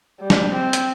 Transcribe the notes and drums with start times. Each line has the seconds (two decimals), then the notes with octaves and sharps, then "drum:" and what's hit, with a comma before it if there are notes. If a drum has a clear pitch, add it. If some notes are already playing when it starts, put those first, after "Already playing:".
0.20 G3
0.30 drum: snare
0.52 C4
0.73 drum: hi-hat